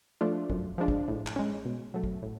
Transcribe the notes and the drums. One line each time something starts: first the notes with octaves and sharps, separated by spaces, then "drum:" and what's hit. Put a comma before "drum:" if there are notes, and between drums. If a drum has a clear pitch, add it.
F3 A3 D4 F4
F#2, drum: kick
F3 G#3 D4 F4
drum: kick
A2
drum: clap
G#3 C#4
B2
F#3 A3
drum: kick
A2